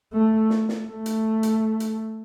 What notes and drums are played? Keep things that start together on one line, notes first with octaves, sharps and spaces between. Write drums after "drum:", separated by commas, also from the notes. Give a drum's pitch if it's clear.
A3
drum: snare
drum: snare
A3
drum: hi-hat
drum: hi-hat
drum: hi-hat